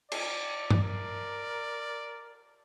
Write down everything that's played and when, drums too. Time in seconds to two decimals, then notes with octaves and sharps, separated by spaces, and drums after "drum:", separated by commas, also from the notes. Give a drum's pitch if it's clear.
0.12 D5, drum: cymbal
0.70 drum: tom G2
0.83 A#4 D5